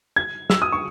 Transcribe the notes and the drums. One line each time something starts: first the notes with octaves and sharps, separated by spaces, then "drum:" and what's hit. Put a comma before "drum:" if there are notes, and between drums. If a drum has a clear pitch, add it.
G#6
E6, drum: snare
D#6
C#6